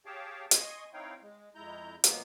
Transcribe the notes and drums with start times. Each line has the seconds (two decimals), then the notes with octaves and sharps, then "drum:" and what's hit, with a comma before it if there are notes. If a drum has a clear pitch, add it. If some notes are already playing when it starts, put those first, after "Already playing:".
0.06 G4 G#4 C#5 F5 G5 A5
0.51 D#5 G#5 C6 C#6 D#6, drum: hi-hat
0.93 C4 D#4 E4 C#5 F5 G5
1.22 G#3
1.55 F2 G#3 E4 A#5 G6
2.04 B2 F3 F#3 G#3 A#3 B3, drum: hi-hat